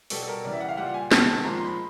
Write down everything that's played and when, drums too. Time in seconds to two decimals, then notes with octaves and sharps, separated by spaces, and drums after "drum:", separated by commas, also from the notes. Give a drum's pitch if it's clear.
0.10 B2 G3 A4, drum: open hi-hat
0.23 A4
0.28 A#4
0.44 C#3 E3 G3 D5
0.53 E5
0.60 F#5
0.69 F5
0.77 A#2 G3 F#5
0.94 G#5
1.12 C3 D#3 G#3 A5, drum: snare
1.44 A#2 F3 G#3 A#5
1.56 C6
1.66 B5